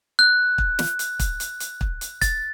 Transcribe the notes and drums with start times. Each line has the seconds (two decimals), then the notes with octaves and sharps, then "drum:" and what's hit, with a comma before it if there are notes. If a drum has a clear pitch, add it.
0.19 F#6
0.58 drum: kick
0.79 drum: snare
0.99 drum: hi-hat
1.19 drum: kick, hi-hat
1.40 drum: hi-hat
1.60 drum: hi-hat
1.81 drum: kick
2.01 drum: hi-hat
2.22 A6, drum: kick, hi-hat